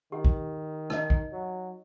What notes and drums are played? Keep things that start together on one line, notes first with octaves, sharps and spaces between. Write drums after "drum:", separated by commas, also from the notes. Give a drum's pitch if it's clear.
D#3 G4
drum: kick
D#4 D#5, drum: rim click
drum: kick
F#3